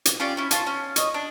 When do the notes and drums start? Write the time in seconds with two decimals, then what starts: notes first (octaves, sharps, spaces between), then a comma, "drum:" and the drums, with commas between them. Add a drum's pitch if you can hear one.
0.05 drum: hi-hat
0.20 C#4 F4 G4 D5
0.37 C#4 E4
0.51 C#4 F4 A5, drum: hi-hat
0.67 C#4
0.96 C#5 D#5, drum: hi-hat
1.14 D4